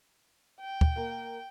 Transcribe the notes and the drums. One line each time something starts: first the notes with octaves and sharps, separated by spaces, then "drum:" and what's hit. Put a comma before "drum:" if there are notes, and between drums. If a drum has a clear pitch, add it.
G5
drum: kick
A#3 A#4